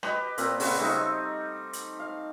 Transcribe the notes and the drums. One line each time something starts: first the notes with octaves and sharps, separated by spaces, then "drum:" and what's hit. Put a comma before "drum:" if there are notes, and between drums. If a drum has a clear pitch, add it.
G4 B4 D#5, drum: rim click
A#2 C4 A#4, drum: hi-hat
C#3 F#3 F#4 B4, drum: open hi-hat
G3 A3 C4 D#4
drum: hi-hat
F5